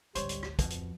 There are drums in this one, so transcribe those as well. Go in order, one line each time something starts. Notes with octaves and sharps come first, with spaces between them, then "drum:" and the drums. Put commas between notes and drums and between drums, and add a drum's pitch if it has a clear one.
G#1 D2 G3 C5 C#5, drum: hi-hat
drum: hi-hat
drum: rim click
D1 F2 B2, drum: kick, hi-hat
drum: hi-hat